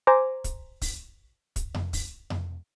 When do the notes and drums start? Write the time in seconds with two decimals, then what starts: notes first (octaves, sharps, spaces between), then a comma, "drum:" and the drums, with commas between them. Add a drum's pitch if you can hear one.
0.07 C5 G#5 A#5 D6
0.44 drum: kick, hi-hat
0.82 drum: kick, open hi-hat
1.56 drum: kick, hi-hat
1.74 drum: tom F2
1.93 drum: kick, open hi-hat
2.30 drum: tom F2